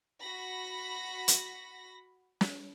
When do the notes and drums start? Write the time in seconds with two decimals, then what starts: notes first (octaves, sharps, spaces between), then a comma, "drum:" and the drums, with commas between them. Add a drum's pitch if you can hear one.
0.20 F#4 B5 A#6
1.28 drum: hi-hat
2.41 drum: snare